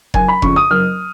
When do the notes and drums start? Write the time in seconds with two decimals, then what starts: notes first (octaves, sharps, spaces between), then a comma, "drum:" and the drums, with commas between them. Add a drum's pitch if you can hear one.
0.14 F#1 G#5, drum: kick F1
0.28 B5
0.42 F2 C#3 C#6, drum: kick F1
0.56 D#6
0.71 F#1 F6